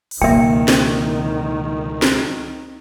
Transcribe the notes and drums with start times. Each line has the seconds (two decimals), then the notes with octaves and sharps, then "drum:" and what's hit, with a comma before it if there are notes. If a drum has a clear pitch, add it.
0.11 drum: open hi-hat
0.22 C#2 B2 D#3 A#3 E5 G5
0.68 drum: snare C4
2.02 drum: snare C4